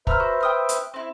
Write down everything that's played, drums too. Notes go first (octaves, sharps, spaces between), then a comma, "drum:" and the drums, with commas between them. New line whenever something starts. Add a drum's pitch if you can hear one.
B4 C5 E5 A#5 E6 F6, drum: kick
F#4
G5 D#6 F6
drum: hi-hat
C4 E4